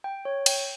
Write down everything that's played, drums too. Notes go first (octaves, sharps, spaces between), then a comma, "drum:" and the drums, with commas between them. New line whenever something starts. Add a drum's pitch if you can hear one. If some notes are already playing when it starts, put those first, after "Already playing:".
G5
C#5
G5, drum: cymbal